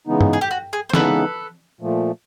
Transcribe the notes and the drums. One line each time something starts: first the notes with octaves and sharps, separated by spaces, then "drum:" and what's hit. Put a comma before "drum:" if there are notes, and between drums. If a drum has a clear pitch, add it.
C#3 E3 G#3 B3 D#4
drum: tom
G#4
G4
F#4
G#4
C5
C#3 E3 G#3 B3 D#4 A4 B4, drum: snare
A#2 F3 A3